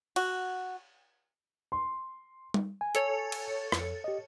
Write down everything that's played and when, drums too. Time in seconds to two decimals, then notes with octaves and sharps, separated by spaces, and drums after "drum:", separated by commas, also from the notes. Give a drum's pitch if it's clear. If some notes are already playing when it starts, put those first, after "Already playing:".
0.16 F#4, drum: cymbal
1.72 C6
2.54 drum: tom
2.81 G#5
2.95 A4 C#5, drum: hi-hat
3.32 drum: cymbal
3.72 F2, drum: rim click
4.04 G4 D#5